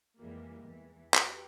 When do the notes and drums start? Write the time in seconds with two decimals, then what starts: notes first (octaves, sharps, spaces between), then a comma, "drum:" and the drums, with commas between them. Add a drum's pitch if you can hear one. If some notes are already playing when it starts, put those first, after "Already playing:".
0.19 F2 E3 G3 G#3 A#3
0.64 E2 E3
1.14 F#4 G4 B4 F#5 G5 A#5, drum: clap